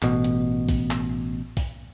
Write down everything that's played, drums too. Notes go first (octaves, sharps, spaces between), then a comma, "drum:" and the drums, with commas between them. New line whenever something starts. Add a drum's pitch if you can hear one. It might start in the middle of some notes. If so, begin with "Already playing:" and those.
A1 B2, drum: clap
drum: hi-hat
drum: kick, open hi-hat
drum: clap
drum: kick, open hi-hat